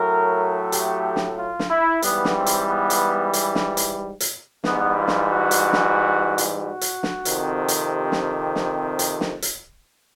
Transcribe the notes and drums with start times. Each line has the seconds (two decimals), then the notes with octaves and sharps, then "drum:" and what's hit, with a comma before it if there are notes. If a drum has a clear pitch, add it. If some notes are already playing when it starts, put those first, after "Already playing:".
Already playing: A2 F#3 A3 A#4
0.72 G4, drum: hi-hat
1.16 drum: snare
1.37 F4
1.59 drum: snare
1.70 E4
2.02 G#2 E3 G3 B3, drum: hi-hat
2.25 drum: snare
2.36 C4
2.46 drum: hi-hat
2.68 B3
2.90 drum: hi-hat
3.33 drum: hi-hat
3.55 drum: snare
3.77 drum: hi-hat
4.20 drum: hi-hat
4.64 G#2 E3 G3 B3, drum: snare
4.97 F4
5.07 drum: snare
5.29 F#4
5.51 drum: hi-hat
5.73 drum: snare
6.38 drum: hi-hat
6.59 F#4
6.81 drum: hi-hat
7.03 drum: snare
7.25 F2 C3 D#3, drum: hi-hat
7.68 drum: hi-hat
7.91 G4
8.12 drum: snare
8.55 drum: snare
8.99 drum: hi-hat
9.21 drum: snare
9.42 drum: hi-hat